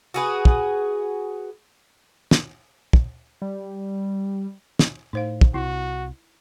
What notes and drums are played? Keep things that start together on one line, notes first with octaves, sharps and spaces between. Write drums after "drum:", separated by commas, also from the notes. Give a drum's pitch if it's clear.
F#4 G#4 B4
drum: kick
drum: snare
drum: kick
G3
drum: snare
A2 D#4 C5 F5
drum: kick
C2 E4 F#4